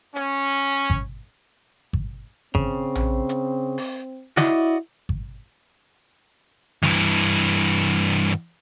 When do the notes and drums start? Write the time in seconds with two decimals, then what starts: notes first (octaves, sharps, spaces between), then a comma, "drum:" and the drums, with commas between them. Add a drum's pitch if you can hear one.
0.16 C#4, drum: hi-hat
0.90 drum: kick G#1
1.93 drum: kick G#1
2.55 C#3 C4, drum: kick G#1
2.95 drum: tom A#1
3.29 drum: hi-hat
3.78 drum: open hi-hat
4.37 E4 F#4 D5 D#5, drum: snare
5.09 drum: kick G#1
6.82 G2 E3, drum: snare
7.47 drum: hi-hat
8.31 drum: hi-hat